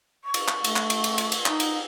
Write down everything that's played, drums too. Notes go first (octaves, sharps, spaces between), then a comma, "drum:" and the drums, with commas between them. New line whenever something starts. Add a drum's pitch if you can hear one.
C#6
drum: cymbal
drum: clap
A3, drum: cymbal
drum: clap
drum: cymbal
drum: cymbal
drum: cymbal
drum: cymbal
D#4, drum: clap
drum: cymbal